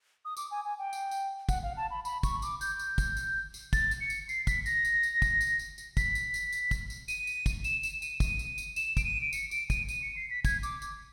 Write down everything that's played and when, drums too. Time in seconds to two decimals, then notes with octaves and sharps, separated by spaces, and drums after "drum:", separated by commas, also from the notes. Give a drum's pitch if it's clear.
0.25 D#6
0.37 D6, drum: tambourine
0.51 G#5
0.65 G#5
0.79 G5
0.93 drum: tambourine
1.11 drum: tambourine
1.49 F#5, drum: kick, tambourine
1.63 F5
1.77 A5
1.90 B5
2.05 B5, drum: tambourine
2.23 C#6, drum: kick, tambourine
2.42 D6, drum: tambourine
2.61 G6, drum: tambourine
2.79 drum: tambourine
2.98 drum: kick, tambourine
3.17 drum: tambourine
3.54 drum: tambourine
3.73 A6, drum: kick, tambourine
3.91 drum: tambourine
4.01 C#7
4.10 drum: tambourine
4.29 C7, drum: tambourine
4.47 B6, drum: kick, tambourine
4.66 A#6, drum: tambourine
4.85 drum: tambourine
5.03 drum: tambourine
5.22 drum: kick, tambourine
5.41 drum: tambourine
5.59 drum: tambourine
5.78 drum: tambourine
5.97 B6, drum: kick, tambourine
6.15 drum: tambourine
6.34 drum: tambourine
6.53 drum: tambourine
6.71 drum: kick, tambourine
6.90 drum: tambourine
7.08 D#7, drum: tambourine
7.27 drum: tambourine
7.46 drum: kick, tambourine
7.64 E7, drum: tambourine
7.83 E7, drum: tambourine
8.02 D#7, drum: tambourine
8.20 D#7, drum: kick, tambourine
8.39 drum: tambourine
8.58 drum: tambourine
8.76 E7, drum: tambourine
8.97 D7, drum: kick, tambourine
9.04 D#7
9.21 D7
9.33 C#7, drum: tambourine
9.51 D7, drum: tambourine
9.70 D#7, drum: kick, tambourine
9.89 D#7, drum: tambourine
10.02 C#7
10.16 C7
10.30 B6
10.45 G#6, drum: kick, tambourine
10.63 D6, drum: tambourine
10.82 drum: tambourine